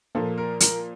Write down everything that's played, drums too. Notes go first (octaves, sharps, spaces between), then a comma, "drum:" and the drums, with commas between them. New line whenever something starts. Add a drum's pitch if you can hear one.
A#2 F3 A#3 A4
A#4
A#4, drum: hi-hat